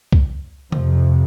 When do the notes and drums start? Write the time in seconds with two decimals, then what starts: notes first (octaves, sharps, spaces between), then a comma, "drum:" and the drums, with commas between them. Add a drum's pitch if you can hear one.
0.12 drum: kick C2
0.72 F2 C3 F3, drum: tom C#3